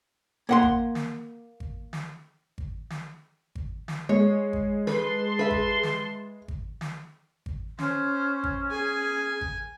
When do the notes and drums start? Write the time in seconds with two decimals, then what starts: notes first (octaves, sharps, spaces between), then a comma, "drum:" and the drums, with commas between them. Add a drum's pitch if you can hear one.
0.49 A#3 F#5 C6
0.63 drum: kick G#1
0.95 drum: snare
1.60 drum: kick G#1
1.93 drum: snare
2.58 drum: kick G#1
2.90 drum: snare
3.55 drum: kick G#1
3.88 drum: snare
4.09 G#3 C#5
4.53 drum: kick G#1
4.87 G#4 B4 A5 C6, drum: snare
5.39 B4 E5
5.51 drum: kick G#1
5.83 drum: snare
6.48 drum: kick G#1
6.81 drum: snare
7.46 drum: kick G#1
7.79 C#4 C5, drum: snare
8.44 drum: kick G#1
8.70 G#4 G#5
9.41 drum: kick G#1